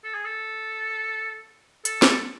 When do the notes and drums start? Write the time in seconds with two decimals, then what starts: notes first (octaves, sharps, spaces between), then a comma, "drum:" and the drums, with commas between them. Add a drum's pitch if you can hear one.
0.04 A4
0.14 G#4
0.25 A4
1.85 A4, drum: hi-hat
2.02 drum: snare